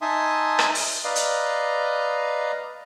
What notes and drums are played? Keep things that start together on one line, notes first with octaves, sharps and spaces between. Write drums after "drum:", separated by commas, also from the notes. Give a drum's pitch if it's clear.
D#4 E5 G#5 A5 C6 D#6
drum: rim click
drum: open hi-hat
B4 D5 D#5 F5 A#5
drum: hi-hat